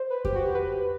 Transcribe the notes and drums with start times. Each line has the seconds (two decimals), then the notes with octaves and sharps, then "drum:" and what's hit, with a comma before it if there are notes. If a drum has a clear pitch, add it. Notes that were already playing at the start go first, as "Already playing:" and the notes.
Already playing: C5
0.10 B4
0.25 G4, drum: kick F2
0.35 F#4
0.46 G4
0.55 B4